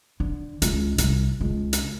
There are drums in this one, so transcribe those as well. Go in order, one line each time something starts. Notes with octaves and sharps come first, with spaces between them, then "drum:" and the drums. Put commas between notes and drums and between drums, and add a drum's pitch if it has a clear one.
D3
C#2, drum: hi-hat
C2, drum: hi-hat
C#2
drum: hi-hat